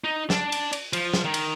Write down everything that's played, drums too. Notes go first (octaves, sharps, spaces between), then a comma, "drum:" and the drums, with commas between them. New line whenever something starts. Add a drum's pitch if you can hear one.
D#4
D4, drum: snare
drum: cymbal
drum: cymbal
F3, drum: cymbal
drum: snare
D#3
drum: cymbal